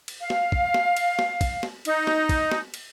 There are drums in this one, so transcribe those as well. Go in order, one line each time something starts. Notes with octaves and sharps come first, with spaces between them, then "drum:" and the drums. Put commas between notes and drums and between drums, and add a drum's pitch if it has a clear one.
drum: cymbal
F5
drum: snare
drum: kick
drum: snare
drum: cymbal
drum: snare
drum: kick, cymbal
drum: snare
D#4, drum: cymbal
drum: snare
drum: kick, cymbal
drum: snare
drum: cymbal